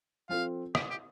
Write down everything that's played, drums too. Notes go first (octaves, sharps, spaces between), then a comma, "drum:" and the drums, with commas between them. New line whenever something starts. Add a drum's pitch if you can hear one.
F3 C4 F4 A4 F5
G4, drum: rim click
G4